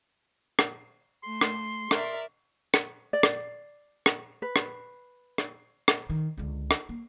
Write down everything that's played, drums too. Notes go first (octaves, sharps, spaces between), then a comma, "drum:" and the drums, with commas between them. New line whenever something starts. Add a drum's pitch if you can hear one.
drum: rim click
A3 C6
drum: rim click
A#4 D5 E5, drum: rim click
drum: rim click
D5
drum: rim click
drum: rim click
B4
drum: rim click
drum: rim click
drum: rim click
D#3
C#2 D3
drum: rim click
A#3